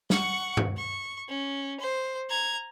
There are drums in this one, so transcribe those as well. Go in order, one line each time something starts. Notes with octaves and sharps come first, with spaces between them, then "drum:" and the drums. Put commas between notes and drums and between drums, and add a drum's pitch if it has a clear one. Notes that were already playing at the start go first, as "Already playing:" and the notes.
F#5 C#6, drum: snare
drum: tom G2
C#6
C#4
C5
A#5 G#6